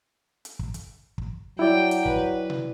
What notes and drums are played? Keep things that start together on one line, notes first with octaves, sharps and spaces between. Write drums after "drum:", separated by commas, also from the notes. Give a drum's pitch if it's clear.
drum: hi-hat
drum: kick
drum: hi-hat
drum: kick
F#3 E4 D5 G5
drum: hi-hat
B4, drum: kick
drum: tom B2